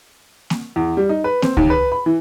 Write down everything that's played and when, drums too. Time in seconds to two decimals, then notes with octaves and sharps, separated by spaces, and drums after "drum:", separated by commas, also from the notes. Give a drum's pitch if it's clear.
0.50 drum: snare A#3
0.76 E2
0.97 G3
1.09 D#4
1.24 B4
1.42 C4, drum: snare A#3
1.57 D#2, drum: kick C#2
1.70 B4
1.92 B5
2.06 E3